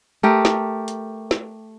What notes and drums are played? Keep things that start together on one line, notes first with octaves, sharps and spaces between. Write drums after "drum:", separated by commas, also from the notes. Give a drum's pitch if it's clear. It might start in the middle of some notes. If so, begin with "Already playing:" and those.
A3 G4 A#4
drum: snare
drum: hi-hat
drum: snare